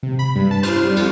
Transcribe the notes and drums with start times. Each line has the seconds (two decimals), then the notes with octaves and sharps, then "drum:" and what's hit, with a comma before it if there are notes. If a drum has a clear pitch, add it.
0.03 C3
0.19 B5
0.36 G2
0.51 A5
0.63 C5, drum: cymbal
0.83 G3
0.96 F2, drum: cymbal